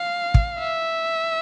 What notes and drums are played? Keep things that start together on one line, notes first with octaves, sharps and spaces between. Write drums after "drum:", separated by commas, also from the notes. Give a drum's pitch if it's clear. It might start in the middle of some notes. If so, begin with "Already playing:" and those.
Already playing: F5
drum: kick
E5